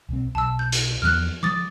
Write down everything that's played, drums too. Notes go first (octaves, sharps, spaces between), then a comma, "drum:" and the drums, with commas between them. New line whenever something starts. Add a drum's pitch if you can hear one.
B1 C4
B1 A5 E6
G6
drum: hi-hat
E2 F3 B3 F6 F#6
F3 G#3 D6 D#6 A6